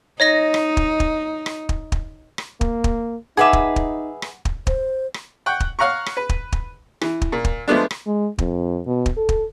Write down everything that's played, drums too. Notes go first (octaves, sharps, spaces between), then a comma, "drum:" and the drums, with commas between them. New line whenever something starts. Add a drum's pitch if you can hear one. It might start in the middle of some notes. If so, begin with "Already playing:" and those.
D#4 C#5 D#5 A#6
drum: rim click
drum: kick
drum: kick
drum: rim click
drum: kick
drum: kick
drum: rim click
A#3, drum: kick
drum: kick
D#4 G#4 B4 E5 F#5 D6
drum: kick
drum: kick
drum: rim click
drum: kick
C5, drum: kick
drum: rim click
F#5 G5 C#6
drum: kick
C#5 F5 F#5 A#5 C#6
drum: rim click
B4
drum: kick
drum: kick
E3, drum: rim click
drum: kick
A#2
drum: kick
F3 G#3 A3 B3 D4
drum: rim click
G#3
F2, drum: kick
B2
drum: kick
A4
drum: kick